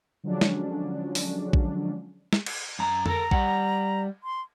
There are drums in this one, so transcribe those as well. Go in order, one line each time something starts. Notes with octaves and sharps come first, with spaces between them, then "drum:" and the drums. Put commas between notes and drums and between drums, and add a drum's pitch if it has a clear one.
D3 F3 F#3 G#3 C#4 D4
drum: snare
drum: open hi-hat
drum: kick A#1
drum: snare
drum: cymbal
F#2 A#5
A4 A#4 A#5, drum: tom F2
G3 F#5, drum: kick A#1
C6